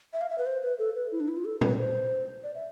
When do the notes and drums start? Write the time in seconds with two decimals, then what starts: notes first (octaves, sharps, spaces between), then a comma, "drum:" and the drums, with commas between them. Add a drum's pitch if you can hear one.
0.13 E5
0.21 F5
0.30 E5
0.38 B4
0.46 C5
0.63 B4
0.79 A4
0.95 B4
1.12 E4
1.20 D4
1.28 E4
1.37 F4
1.45 A4
1.61 B4, drum: tom A#2
1.78 C5
2.43 D5
2.55 E5